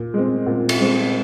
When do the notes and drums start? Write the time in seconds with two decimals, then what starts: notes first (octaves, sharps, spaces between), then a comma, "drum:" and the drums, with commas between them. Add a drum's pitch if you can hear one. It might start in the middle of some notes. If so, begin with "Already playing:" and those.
Already playing: A#2
0.14 G#3 C4
0.46 A#2
0.69 drum: cymbal
0.81 G#3 C4